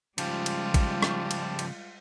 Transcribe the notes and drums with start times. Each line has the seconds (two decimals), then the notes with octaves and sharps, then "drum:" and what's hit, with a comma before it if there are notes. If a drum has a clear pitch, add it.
0.18 C#3 F3 G3 G#3 F4 G4 C5 A5, drum: cymbal
0.46 drum: cymbal
0.74 drum: kick A1, cymbal
1.02 drum: rim click
1.31 drum: cymbal
1.59 drum: cymbal